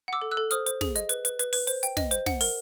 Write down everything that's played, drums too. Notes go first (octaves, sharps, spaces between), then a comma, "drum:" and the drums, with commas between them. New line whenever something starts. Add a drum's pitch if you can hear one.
F#5 D6 E6
A4
E6 F#6
A4
C5 D#6 F6, drum: hi-hat
C5, drum: hi-hat
G#4, drum: snare
D#5, drum: hi-hat
B4, drum: hi-hat
B4, drum: hi-hat
B4, drum: hi-hat
B4, drum: open hi-hat
C5, drum: hi-hat
G5, drum: hi-hat
D#5, drum: snare
C5, drum: hi-hat
F#5, drum: snare
A#4, drum: open hi-hat